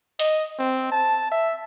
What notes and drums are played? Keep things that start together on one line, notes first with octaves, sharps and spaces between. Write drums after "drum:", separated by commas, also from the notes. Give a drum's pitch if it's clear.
D#5, drum: open hi-hat
C4
A5
E5